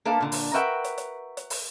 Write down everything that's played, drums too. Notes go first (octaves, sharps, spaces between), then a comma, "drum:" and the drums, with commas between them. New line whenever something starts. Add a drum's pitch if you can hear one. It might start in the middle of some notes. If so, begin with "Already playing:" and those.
A#3 D4 A4 B4 E5 F5
A#2 D3
drum: open hi-hat
F#4 A#4 B4 E5 F#5 G5
drum: hi-hat
drum: hi-hat
drum: hi-hat
drum: open hi-hat